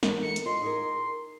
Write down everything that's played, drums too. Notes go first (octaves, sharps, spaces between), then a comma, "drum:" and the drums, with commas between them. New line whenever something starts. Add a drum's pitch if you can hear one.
E3 A4 A#4, drum: snare
C#7
drum: hi-hat
F4 D#5 C6
D#4 G#4 A#4